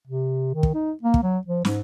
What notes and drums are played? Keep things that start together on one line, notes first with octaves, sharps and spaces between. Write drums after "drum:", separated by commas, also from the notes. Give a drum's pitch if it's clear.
C3
D#3
drum: kick
D#4
A#3
drum: kick
F#3
F3
G#2, drum: snare